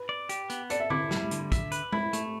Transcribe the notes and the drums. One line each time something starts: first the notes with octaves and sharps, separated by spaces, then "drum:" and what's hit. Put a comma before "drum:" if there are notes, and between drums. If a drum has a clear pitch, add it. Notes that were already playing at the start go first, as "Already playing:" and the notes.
Already playing: B4
D5
G4, drum: hi-hat
B3, drum: hi-hat
A4 D5, drum: hi-hat
E5
E4 D6, drum: tom D3
G3, drum: snare
D3, drum: hi-hat
E5, drum: kick, hi-hat
B4, drum: hi-hat
E4 B5, drum: tom G#3
A3, drum: hi-hat